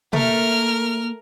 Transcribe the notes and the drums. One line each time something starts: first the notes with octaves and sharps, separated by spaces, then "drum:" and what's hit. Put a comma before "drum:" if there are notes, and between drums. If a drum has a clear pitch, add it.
A3 A#3 A#4 F6, drum: tom B2